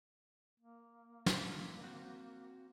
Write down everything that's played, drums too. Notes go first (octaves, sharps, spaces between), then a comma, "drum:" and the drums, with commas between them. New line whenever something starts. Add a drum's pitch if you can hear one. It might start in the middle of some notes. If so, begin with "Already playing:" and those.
A#3
D3 E4 B4, drum: snare
C4 F#4